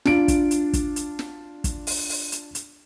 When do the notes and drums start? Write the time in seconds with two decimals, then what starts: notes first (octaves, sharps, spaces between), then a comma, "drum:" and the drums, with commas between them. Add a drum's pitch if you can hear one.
0.05 D4 F4 D7, drum: snare
0.28 drum: kick, hi-hat
0.51 drum: hi-hat
0.73 drum: kick, hi-hat
0.96 drum: hi-hat
1.19 drum: snare
1.64 drum: kick, hi-hat
1.87 drum: open hi-hat
2.09 drum: open hi-hat
2.32 drum: hi-hat
2.55 drum: hi-hat